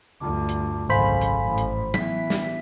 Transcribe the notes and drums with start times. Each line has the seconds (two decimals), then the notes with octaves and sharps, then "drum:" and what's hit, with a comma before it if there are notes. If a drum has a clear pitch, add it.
0.21 D2 G2 F4 A5 D6
0.49 drum: hi-hat
0.89 G#1 C#2 F#2 A4 C5 F5 G#5 B5
1.21 drum: hi-hat
1.44 A1
1.58 drum: hi-hat
1.94 E3 B3 E5 B6, drum: tom
2.30 drum: snare